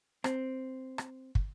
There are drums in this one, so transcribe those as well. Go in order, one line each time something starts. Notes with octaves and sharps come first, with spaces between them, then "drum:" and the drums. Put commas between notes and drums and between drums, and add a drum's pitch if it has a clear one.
C4, drum: rim click
drum: rim click
drum: kick